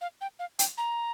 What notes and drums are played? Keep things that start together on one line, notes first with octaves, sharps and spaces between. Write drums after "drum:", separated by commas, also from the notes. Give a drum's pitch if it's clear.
F5
G5
F5
G5, drum: hi-hat
A#5